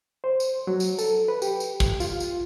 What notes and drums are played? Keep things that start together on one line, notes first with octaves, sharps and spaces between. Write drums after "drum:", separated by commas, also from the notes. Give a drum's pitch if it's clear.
C5
drum: tambourine
F#3
drum: tambourine
A4, drum: tambourine
B4
G4, drum: tambourine
drum: tambourine
drum: kick, tambourine
F4, drum: tambourine
drum: tambourine